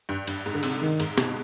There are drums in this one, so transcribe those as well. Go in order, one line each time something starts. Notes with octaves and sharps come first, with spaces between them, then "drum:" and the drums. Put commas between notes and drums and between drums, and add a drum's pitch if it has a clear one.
G2
G2, drum: cymbal
G#2
D3
C3, drum: cymbal
D#3
G#2, drum: cymbal
B2, drum: snare